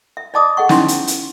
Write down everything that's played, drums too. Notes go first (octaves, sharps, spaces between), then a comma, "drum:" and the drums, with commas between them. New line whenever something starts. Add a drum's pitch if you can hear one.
E5
D5 D#5 A5 D6 D#6
G#4 D#5 F#5 C#6
C#4 D#4 E4 C#5 E5 C6, drum: snare
drum: hi-hat
drum: hi-hat